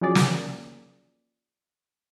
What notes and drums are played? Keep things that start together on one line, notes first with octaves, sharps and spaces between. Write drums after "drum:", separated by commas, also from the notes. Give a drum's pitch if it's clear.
F3 F#3 C#4 G#4 D5
drum: snare